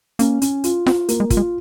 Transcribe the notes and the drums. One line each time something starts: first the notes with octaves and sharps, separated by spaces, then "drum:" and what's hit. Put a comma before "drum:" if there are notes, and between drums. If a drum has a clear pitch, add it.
A#3 C#4, drum: hi-hat
C#4, drum: hi-hat
F4, drum: hi-hat
C4 F4, drum: snare F4
A#3, drum: hi-hat
G#3
F4, drum: kick, hi-hat
G#3